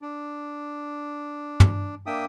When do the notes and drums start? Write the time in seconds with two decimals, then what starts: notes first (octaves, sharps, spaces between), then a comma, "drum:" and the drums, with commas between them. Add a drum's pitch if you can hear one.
0.02 D4
1.60 drum: tom
2.06 A#3 D4 E5 G5 D#6